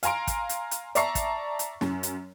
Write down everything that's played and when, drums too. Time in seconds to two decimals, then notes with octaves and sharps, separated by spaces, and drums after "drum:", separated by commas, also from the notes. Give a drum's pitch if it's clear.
0.03 F5 G#5 A#5 C6 D7, drum: hi-hat
0.27 drum: kick, hi-hat
0.49 drum: hi-hat
0.71 drum: hi-hat
0.95 D5 E5 A5 A#5 C#6 C7, drum: hi-hat
1.15 drum: kick, hi-hat
1.59 drum: hi-hat
1.81 F#2, drum: snare
2.03 drum: hi-hat